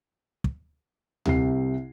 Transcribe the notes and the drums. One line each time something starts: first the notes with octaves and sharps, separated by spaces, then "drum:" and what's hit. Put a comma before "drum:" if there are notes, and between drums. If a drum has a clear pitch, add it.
drum: kick
C2 C3 C7, drum: tom D2